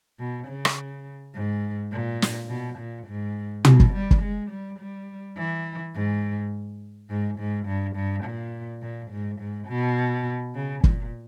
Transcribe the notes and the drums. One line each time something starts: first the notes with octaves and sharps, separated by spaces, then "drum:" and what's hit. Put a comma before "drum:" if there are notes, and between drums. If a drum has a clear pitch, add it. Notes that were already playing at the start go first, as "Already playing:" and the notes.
B2
C#3
drum: rim click
G#2
A#2
drum: snare
B2
A#2
G#2
B2, drum: tom
drum: kick
G3
drum: kick
G#3
G3
G3
E3
G#2
G#2
G#2
G2
G2
A#2
A#2
G#2
G#2
B2
C#3
A#2, drum: kick